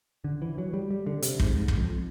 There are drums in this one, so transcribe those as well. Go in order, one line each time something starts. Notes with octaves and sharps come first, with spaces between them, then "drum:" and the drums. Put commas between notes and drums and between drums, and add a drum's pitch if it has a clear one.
D3
E3
F#3
G3
G3
D3
C3, drum: hi-hat
G#2, drum: kick
G#2
drum: kick
F2